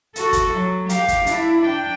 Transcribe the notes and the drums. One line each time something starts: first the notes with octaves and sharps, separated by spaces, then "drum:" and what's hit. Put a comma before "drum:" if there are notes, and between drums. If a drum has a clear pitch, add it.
F#4 A4, drum: hi-hat
drum: kick, hi-hat
F#3
G4 F5, drum: hi-hat
drum: kick, hi-hat
D4 E4, drum: hi-hat
D4 G5